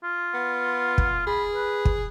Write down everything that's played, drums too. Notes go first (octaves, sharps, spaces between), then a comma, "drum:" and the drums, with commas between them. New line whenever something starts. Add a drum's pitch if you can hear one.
F4
B3
drum: kick
G#4 B5
B4
drum: kick